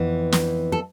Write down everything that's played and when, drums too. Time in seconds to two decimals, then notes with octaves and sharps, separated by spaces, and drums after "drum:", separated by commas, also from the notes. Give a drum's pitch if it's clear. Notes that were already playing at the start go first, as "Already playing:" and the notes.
Already playing: F2 E3 B3
0.32 drum: snare
0.72 A4